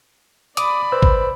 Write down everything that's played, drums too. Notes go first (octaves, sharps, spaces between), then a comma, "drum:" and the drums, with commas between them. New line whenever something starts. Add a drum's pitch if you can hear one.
D5 B5 D6 D#6, drum: hi-hat
B4 C5 E6
drum: kick